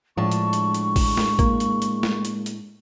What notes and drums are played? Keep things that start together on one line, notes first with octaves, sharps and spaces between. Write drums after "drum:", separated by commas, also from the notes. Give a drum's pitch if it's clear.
A2 F3 G#3 D4 A5 C#6
drum: hi-hat
drum: hi-hat
drum: hi-hat
drum: kick A1, open hi-hat
drum: snare
A#3, drum: kick A1, hi-hat
drum: hi-hat
drum: hi-hat
drum: snare
drum: hi-hat
drum: hi-hat